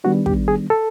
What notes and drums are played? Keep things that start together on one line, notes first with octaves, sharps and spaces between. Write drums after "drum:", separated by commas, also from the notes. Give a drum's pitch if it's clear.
D#3 G3 B3 D4 F#4
G4, drum: kick
G#4
A4